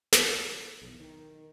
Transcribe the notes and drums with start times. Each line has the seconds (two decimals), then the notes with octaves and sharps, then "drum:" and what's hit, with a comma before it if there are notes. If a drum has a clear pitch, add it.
0.13 drum: snare
0.82 B1 E2
1.00 D#3